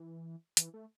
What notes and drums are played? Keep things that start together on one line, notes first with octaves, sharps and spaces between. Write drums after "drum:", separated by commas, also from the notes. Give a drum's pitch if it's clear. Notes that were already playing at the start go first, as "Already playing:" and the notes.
Already playing: E3
E3, drum: hi-hat
A3